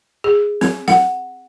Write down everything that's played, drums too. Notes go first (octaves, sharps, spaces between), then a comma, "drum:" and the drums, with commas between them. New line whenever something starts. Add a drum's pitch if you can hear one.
G#4
C4, drum: snare
F#5, drum: snare